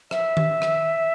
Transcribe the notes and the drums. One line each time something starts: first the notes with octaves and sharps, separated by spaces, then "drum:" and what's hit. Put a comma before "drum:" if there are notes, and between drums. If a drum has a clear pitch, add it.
E5, drum: rim click
drum: tom D#3
drum: rim click